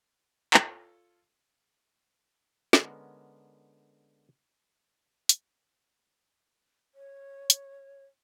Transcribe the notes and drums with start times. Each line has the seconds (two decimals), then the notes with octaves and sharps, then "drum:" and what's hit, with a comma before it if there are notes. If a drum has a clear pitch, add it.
0.54 F4 A4 C#5, drum: clap
2.73 D3 G#3 B3 C#4 A#4, drum: snare
5.29 drum: hi-hat
6.95 C#5
7.50 drum: hi-hat